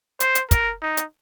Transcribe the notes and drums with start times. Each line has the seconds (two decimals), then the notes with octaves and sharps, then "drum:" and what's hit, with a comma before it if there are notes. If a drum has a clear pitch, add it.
0.20 C5, drum: hi-hat
0.35 drum: hi-hat
0.51 A#4, drum: kick, hi-hat
0.82 D#4
0.97 drum: hi-hat